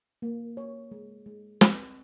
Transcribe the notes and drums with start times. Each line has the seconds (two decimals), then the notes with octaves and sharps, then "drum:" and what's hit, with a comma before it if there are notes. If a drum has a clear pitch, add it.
0.22 A#3
0.57 C#5
0.92 G#3
1.26 G#3
1.61 C4, drum: snare